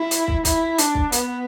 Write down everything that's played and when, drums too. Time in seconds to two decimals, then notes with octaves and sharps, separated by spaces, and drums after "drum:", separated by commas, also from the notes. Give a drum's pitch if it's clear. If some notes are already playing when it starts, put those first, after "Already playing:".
Already playing: E4
0.11 drum: hi-hat
0.28 drum: kick
0.45 E4, drum: kick, hi-hat
0.78 D4, drum: hi-hat
0.95 drum: kick
1.12 B3, drum: hi-hat